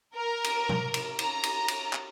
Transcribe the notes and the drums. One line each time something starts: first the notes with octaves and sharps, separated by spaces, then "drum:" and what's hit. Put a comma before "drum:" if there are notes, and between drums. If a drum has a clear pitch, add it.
A#4
drum: cymbal
drum: tom B2
drum: cymbal
A#5, drum: cymbal
drum: cymbal
drum: cymbal
drum: clap